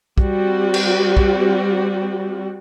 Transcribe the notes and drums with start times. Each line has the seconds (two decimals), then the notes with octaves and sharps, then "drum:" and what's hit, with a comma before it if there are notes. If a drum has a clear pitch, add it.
0.18 G3 C4 F#4 G4, drum: kick
0.74 drum: cymbal
1.17 drum: kick